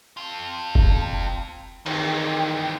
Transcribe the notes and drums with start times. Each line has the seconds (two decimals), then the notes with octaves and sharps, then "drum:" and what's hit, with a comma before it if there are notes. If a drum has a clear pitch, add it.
0.17 C4 F4 A5
0.75 drum: kick
1.86 D#3 E3 C4 G5, drum: cymbal